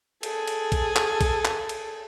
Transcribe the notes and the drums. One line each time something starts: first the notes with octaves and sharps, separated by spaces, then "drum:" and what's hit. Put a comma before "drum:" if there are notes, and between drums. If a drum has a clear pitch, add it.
G#4 A4, drum: cymbal
drum: cymbal
drum: kick A#1, cymbal
drum: clap
drum: kick A#1, cymbal
drum: clap
drum: cymbal